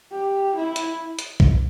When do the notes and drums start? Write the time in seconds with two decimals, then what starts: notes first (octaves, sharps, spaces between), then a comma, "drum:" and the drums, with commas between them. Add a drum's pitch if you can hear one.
0.12 G4
0.55 E4
0.76 drum: hi-hat
1.19 drum: hi-hat
1.40 drum: kick